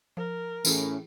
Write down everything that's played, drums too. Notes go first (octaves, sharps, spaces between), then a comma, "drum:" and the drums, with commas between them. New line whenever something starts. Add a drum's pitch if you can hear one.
F3 A#4
A2 E3 C#4 E4 G#4, drum: tambourine